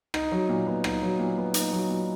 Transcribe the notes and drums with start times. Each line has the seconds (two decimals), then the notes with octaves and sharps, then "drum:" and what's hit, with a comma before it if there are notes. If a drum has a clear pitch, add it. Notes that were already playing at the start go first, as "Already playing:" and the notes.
0.14 D#4, drum: rim click
0.32 F#3
0.49 A#2
0.67 B3
0.84 D#4, drum: rim click
1.02 F#3
1.19 A#2
1.38 B3
1.54 D#4, drum: hi-hat
1.73 F#3
1.89 A#2